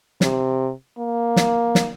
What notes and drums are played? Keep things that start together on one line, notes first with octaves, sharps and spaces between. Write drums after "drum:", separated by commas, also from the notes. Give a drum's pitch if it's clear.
C3, drum: snare
A#3
drum: snare
drum: snare